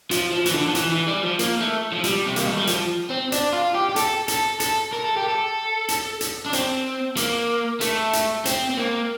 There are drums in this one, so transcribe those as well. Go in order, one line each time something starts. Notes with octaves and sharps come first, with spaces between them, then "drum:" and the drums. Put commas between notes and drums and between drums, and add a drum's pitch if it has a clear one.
F3, drum: hi-hat
F3
E3, drum: hi-hat
D3
F3
E3, drum: hi-hat
E3
G3
F3
A#3, drum: hi-hat
A3
F3
G3, drum: hi-hat
C4
A#3, drum: hi-hat
A3
G3
F3, drum: hi-hat
C4
D4, drum: hi-hat
F4
G4
G4
A4, drum: hi-hat
A4, drum: hi-hat
A4, drum: hi-hat
A#4
A4
G4
A4
drum: hi-hat
drum: hi-hat
D4
C4, drum: hi-hat
A#3, drum: hi-hat
A3, drum: hi-hat
drum: hi-hat
C4, drum: hi-hat
C4
A#3